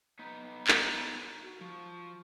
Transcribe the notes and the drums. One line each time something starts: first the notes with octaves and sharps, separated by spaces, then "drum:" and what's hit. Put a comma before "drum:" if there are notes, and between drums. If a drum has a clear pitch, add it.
B3 D#4 B4 A#5
drum: clap
F#4
F3 C#6